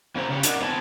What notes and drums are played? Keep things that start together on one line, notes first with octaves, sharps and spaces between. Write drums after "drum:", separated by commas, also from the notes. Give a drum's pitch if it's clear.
A#3 C#4 E4 G#4 C5 A#5
C#3 C#4 G4
F#3 C#4 D#4 A#4 D5 F#5, drum: hi-hat
B3 C4 E4 G#5 A5